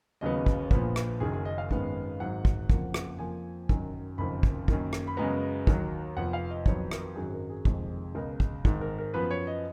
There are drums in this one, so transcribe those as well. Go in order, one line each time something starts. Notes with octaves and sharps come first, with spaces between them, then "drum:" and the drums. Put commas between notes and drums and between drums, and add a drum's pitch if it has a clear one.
D#2 C#3 F#3 B3 D#5
drum: kick
A#1 A#2 F3 B3, drum: kick
drum: rim click
F#1 F#2 D#3 G#4
G#4
D#5
F5
G#1 F#2 D#3 G#3 B3, drum: kick
G#1 G#2 F#3 F#5
drum: kick
F#1 F2 F3 A#3, drum: kick
drum: rim click
F2 F3 A#3 G#5
F#2 D#3 F#3, drum: kick
F#1 F2 D#3 B5
drum: kick
F#2 D#3 A#3, drum: kick
drum: rim click
B5
F#2 C#3 G#3 B3 A#5
D#2 D#3 F#3, drum: kick
F1 F2 F3 B3 F#5
F5
D#5
F2 D#3 F#3 B3 C#5, drum: kick
A#4, drum: rim click
G#1 F#2 D#3 F#3 G#4
A#4
G#4
F1 F2 D#3 G#3, drum: kick
C#2 B2 G#3 A#4
drum: kick
G#1 G#2 D#3, drum: kick
A#4
A#4
F#2 F3 B3 B4
C#5
D#5